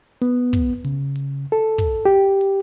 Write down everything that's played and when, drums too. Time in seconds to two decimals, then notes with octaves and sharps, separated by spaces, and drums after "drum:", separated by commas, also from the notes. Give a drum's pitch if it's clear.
0.22 B3, drum: hi-hat
0.53 drum: kick, open hi-hat
0.85 C#3, drum: hi-hat
1.16 drum: hi-hat
1.52 A4
1.78 drum: kick, open hi-hat
2.05 G4
2.41 drum: hi-hat